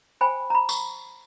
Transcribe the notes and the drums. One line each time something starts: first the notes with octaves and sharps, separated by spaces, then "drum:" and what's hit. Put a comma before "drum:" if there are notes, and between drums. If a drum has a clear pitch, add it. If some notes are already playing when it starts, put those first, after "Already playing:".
C5 G5 G#5 B5
A#5 B5
C#6, drum: tambourine